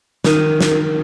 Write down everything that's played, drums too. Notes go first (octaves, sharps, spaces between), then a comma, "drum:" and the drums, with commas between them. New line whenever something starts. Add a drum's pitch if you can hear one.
D#3, drum: snare
drum: snare